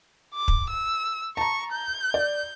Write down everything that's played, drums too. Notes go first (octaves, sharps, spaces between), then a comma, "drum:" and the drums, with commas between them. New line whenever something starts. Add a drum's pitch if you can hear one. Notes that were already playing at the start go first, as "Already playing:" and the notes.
D6
drum: kick
E6
A5 A#5 C#6
G6
D5